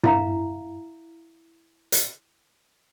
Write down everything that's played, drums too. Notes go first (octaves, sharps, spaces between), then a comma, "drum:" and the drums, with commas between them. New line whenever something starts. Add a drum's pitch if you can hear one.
E4 E5 F5 A#5, drum: tom G2
drum: hi-hat